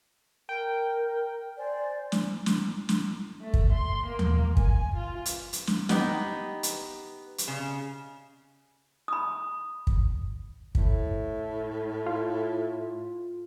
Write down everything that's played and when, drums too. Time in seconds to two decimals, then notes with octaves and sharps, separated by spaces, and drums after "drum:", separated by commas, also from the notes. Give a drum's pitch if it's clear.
0.49 A#4 G5
1.57 C5 D5 G#5
2.12 drum: snare
2.46 drum: snare
2.89 drum: snare
3.42 A3
3.54 drum: kick
3.72 C6
4.07 A#3
4.19 drum: tom D#2
4.57 G#5, drum: kick
4.96 F4
5.26 drum: hi-hat
5.53 drum: hi-hat
5.67 drum: snare
5.89 B3 D#4 G4, drum: snare
6.63 drum: hi-hat
7.38 drum: hi-hat
7.48 C#3
9.08 B5 D#6
9.87 drum: kick
10.75 A2, drum: kick
12.06 F4